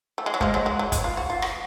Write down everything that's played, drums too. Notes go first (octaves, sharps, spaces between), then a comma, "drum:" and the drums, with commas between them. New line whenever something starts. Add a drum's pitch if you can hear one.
A3
G#3
F#3
F3 G#3, drum: kick
F#3
F#3
F#3
G#3, drum: kick, hi-hat
F4
F#4
F4
F#4, drum: rim click